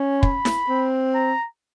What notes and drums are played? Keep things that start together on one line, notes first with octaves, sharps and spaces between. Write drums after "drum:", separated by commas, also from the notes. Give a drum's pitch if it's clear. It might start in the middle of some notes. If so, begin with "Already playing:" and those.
Already playing: C#4
B5, drum: kick
drum: snare E4
C4
A#5